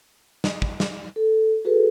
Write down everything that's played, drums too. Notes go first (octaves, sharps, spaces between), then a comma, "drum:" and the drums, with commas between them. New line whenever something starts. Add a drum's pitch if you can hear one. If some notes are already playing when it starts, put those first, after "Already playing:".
drum: snare
drum: kick
drum: snare
A4
F#4 G#4 A4 B4